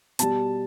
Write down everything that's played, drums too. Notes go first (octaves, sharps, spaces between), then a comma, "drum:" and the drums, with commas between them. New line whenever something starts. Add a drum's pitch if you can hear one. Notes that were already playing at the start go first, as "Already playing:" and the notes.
B2 G3 A5, drum: hi-hat